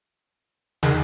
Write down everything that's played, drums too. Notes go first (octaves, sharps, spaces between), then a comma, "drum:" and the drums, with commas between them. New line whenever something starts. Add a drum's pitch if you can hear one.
E2 D#3 G#4, drum: snare